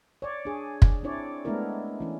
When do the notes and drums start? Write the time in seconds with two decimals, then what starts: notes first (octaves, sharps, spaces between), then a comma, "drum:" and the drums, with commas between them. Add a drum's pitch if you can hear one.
0.22 C#5 D5
0.45 D4 G#4
0.82 drum: kick
1.03 C4 D4 E4 C#5 D5
1.45 G#3 A3 B3 D4 E4 A#4
2.00 E3 C#4